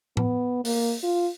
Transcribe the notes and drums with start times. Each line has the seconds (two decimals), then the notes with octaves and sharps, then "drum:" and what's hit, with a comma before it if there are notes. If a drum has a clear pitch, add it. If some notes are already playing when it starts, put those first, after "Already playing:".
0.17 B3, drum: tom A2
0.65 A#3, drum: open hi-hat
1.03 F4